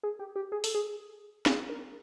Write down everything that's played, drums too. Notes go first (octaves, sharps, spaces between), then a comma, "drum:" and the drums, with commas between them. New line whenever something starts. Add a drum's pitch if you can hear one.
G#4
G4
G4
G#4
A4, drum: open hi-hat
G#4
G#4, drum: snare
A#4